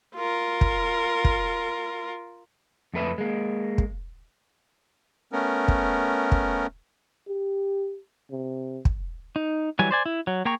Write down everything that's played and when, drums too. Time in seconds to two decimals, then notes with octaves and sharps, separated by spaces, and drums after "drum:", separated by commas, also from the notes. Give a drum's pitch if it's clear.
0.16 F4 A#4
0.61 drum: kick
1.25 drum: kick
2.94 F2 A3 B4 E5
3.18 G#3 A#3
3.78 drum: kick
5.33 A3 B3 C#4 A#4
5.68 drum: kick
6.32 drum: kick
7.28 G4
8.30 C3
8.85 drum: kick
9.36 D#4
9.79 E3 F#3 G3 G#5
9.91 C5 D5 G#5
10.06 E4
10.27 F#3
10.45 A#3 G#4 G5 A#5 C#6